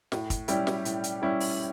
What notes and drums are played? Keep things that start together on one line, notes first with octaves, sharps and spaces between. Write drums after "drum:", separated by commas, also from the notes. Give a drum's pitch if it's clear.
A2, drum: snare
drum: kick, hi-hat
G3 C#4 E4 G4, drum: hi-hat
drum: snare
A2, drum: hi-hat
drum: hi-hat
G3 C#4 E4 G4
drum: open hi-hat